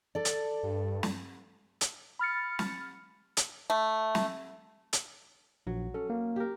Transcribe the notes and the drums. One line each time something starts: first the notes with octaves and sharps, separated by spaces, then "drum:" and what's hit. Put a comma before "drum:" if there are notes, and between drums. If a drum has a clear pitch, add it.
A4 D5
drum: hi-hat
G2
drum: snare
drum: hi-hat
B5 F6 A6 C#7
drum: snare
drum: hi-hat
A3
drum: snare
drum: hi-hat
A#1 F#3
C#4 A4
A#3
G4 A#4